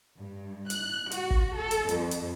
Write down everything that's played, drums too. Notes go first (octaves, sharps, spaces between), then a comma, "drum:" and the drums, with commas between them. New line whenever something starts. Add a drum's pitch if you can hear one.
G2
F#6, drum: hi-hat
F#4, drum: hi-hat
drum: kick
A4
drum: hi-hat
F2, drum: hi-hat
drum: hi-hat